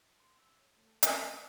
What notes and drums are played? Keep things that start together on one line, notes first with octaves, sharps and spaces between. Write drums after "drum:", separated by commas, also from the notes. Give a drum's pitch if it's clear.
C6
E6
C#5
A3
C#6, drum: hi-hat
E5
C4